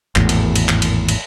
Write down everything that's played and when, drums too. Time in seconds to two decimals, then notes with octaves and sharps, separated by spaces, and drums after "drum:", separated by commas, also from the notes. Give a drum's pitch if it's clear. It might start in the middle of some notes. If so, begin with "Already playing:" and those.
0.16 G#1 E2 A2, drum: clap
0.29 drum: cymbal
0.56 drum: cymbal
0.69 drum: clap
0.82 drum: cymbal
1.09 drum: cymbal